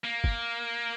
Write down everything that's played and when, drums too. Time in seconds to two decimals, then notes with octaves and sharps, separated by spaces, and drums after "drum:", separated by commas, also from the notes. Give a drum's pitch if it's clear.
0.05 A#3
0.24 drum: kick